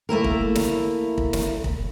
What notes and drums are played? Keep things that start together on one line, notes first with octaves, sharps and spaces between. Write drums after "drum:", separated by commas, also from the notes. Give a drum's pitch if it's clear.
A3 A#3 E4 A#4
drum: kick
drum: snare
drum: kick
drum: snare
drum: kick